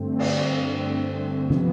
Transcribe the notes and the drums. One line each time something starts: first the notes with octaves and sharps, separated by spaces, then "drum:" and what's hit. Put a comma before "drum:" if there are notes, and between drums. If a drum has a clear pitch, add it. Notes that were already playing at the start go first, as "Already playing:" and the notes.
Already playing: G2 D3 A3 C4
drum: cymbal
C3 F3 B3, drum: tom